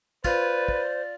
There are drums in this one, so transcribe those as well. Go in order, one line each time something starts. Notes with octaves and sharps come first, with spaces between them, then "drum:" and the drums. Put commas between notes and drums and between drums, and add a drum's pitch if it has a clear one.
F4 B4 C5 D5, drum: kick
drum: kick